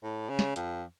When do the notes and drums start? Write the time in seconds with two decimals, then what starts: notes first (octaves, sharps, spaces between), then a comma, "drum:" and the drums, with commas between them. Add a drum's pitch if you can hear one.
0.03 A2
0.30 C#3
0.39 drum: snare
0.56 F2, drum: hi-hat